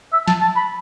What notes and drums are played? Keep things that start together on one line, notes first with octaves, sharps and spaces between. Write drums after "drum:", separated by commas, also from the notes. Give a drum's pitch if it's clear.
E5
A5, drum: snare
A5
B5